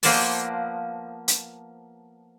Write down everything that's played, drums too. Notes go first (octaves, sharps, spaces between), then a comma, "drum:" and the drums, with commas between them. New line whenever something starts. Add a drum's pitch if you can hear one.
F3 A#3 B3 C5 D5 A5, drum: open hi-hat
drum: hi-hat